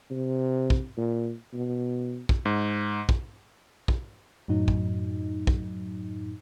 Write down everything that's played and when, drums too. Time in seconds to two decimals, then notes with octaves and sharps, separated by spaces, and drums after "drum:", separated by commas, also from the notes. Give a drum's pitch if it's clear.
0.11 C3
0.70 drum: kick
0.97 A#2
1.54 B2
2.29 drum: kick
2.45 G#2
3.09 drum: kick
3.88 drum: kick
4.48 F#2 A2 F#3 D#4
4.68 drum: kick
5.47 drum: kick